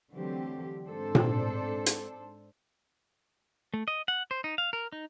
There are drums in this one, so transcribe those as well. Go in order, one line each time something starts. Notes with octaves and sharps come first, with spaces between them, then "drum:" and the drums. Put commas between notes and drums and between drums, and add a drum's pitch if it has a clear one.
D3 E3 F#3 A3 C4 G4
G#2 C4 D4 A4 C5
drum: tom A#2
drum: hi-hat
A3
D#5
F#5
C5
D#4
F5
A#4
D#4